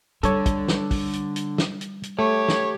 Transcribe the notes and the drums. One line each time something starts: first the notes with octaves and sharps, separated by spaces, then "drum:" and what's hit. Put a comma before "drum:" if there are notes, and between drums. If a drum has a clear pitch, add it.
D3 G3 A4 C#5, drum: hi-hat
drum: kick, hi-hat
drum: snare
drum: kick, open hi-hat
drum: hi-hat
drum: hi-hat
drum: snare
drum: hi-hat
drum: hi-hat
A3 G4 C#5
drum: snare